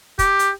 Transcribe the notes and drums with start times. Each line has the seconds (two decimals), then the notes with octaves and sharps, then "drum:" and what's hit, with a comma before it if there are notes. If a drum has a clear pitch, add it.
0.19 G4, drum: kick, hi-hat
0.39 drum: hi-hat